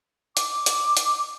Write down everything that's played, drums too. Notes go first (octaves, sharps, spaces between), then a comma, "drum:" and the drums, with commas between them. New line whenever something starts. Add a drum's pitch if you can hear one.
D6, drum: hi-hat
drum: hi-hat
drum: hi-hat